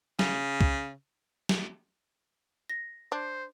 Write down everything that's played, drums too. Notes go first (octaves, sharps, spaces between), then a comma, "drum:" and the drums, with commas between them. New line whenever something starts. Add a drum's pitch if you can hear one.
C#3, drum: snare
drum: kick C2
drum: snare
A#6
D4 C5